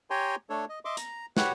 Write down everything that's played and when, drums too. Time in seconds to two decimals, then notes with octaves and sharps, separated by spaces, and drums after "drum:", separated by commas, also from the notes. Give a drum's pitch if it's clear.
0.10 G4 C#5 G5 G#5 A#5 C6
0.50 A3 D4 A4 C#5
0.69 D#5
0.85 D#5 E5 C6 D6
0.97 A#5, drum: hi-hat
1.37 F#4 G4 B4 C#5 F#5, drum: snare